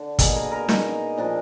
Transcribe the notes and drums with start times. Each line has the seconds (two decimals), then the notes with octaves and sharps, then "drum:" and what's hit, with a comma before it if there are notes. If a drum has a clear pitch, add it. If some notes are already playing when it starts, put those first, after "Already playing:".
Already playing: D3
0.19 B2 A#3 G#4, drum: kick, hi-hat
0.36 A#4
0.52 A#4
0.69 D#4, drum: snare
1.18 A#2 F3 A#3 D4